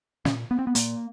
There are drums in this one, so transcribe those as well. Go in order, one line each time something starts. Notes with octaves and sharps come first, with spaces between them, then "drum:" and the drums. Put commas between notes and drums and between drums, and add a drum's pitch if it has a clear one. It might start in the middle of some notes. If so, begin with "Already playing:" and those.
A#2 C#4, drum: snare
B3
C4
B3
A#2 A#3, drum: hi-hat